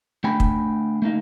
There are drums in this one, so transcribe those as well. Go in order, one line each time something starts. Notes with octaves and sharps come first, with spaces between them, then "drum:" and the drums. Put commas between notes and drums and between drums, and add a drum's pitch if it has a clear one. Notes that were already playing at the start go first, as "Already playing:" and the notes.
A3 D4 G5 G#5 B5
drum: kick
A3 A#3 D#4